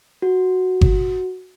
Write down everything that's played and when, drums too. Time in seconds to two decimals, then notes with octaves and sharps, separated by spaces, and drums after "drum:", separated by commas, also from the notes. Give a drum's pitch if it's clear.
0.22 F#4
0.81 drum: kick G1